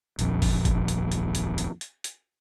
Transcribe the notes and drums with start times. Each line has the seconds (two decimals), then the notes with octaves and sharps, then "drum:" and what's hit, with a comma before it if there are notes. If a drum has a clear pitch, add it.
0.19 D#1 A#1 F2, drum: hi-hat
0.42 drum: kick, open hi-hat
0.65 drum: kick, hi-hat
0.88 drum: hi-hat
1.12 drum: hi-hat
1.35 drum: hi-hat
1.58 drum: hi-hat
1.81 drum: hi-hat
2.04 drum: hi-hat